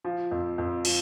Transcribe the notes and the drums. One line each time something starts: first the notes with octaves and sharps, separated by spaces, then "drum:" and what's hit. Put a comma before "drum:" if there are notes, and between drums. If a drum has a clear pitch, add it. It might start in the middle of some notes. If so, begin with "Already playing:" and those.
F3
F2
F2
F3, drum: cymbal